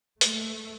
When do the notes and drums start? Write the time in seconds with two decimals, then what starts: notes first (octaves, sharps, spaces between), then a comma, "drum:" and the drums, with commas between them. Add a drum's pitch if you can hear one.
0.21 A3, drum: hi-hat